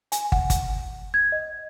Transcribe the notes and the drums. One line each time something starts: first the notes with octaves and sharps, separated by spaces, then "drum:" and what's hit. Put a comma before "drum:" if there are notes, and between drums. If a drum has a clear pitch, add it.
G#5, drum: hi-hat
F#5, drum: kick
drum: kick, hi-hat
G#6
D#5